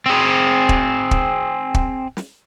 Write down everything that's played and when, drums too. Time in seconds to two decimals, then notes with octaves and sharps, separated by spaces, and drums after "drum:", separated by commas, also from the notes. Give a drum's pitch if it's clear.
0.06 C4 G#4
0.69 drum: kick
1.11 drum: kick
1.74 drum: kick
2.17 drum: snare